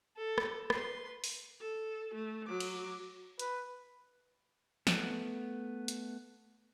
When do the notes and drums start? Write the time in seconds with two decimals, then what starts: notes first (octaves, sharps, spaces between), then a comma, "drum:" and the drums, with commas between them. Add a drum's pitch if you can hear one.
0.17 A4
0.38 drum: rim click
0.70 B4 C6, drum: rim click
1.24 drum: open hi-hat
1.61 A4
2.14 A3
2.47 F#3 D6
2.60 drum: cymbal
3.39 B4, drum: hi-hat
4.87 A3 B3, drum: snare
5.88 drum: hi-hat